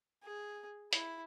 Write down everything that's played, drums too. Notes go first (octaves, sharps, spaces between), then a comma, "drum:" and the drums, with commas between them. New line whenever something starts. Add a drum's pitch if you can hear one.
G#4
E4, drum: hi-hat